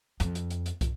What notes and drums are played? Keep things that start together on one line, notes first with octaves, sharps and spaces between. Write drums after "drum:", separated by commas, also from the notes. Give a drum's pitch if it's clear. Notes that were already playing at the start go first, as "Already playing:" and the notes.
F2, drum: hi-hat
drum: hi-hat
drum: hi-hat
drum: hi-hat
drum: kick, hi-hat